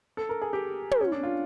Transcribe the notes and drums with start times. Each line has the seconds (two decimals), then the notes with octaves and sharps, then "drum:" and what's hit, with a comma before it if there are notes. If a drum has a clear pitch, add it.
0.17 A4
0.29 A#4
0.42 G#4
0.53 G4
0.91 drum: tom
1.01 C#4
1.12 D4
1.23 F4